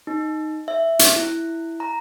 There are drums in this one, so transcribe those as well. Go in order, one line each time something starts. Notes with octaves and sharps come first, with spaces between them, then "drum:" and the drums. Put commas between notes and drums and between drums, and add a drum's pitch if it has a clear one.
D#4
E5
drum: hi-hat
E4
A#5